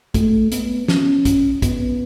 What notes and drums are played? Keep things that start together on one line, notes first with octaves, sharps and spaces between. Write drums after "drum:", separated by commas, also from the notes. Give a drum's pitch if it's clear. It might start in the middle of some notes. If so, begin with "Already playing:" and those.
A3, drum: kick A#1, hi-hat
B3, drum: hi-hat
C#4, drum: snare
drum: kick A#1, hi-hat
B3, drum: kick A#1, hi-hat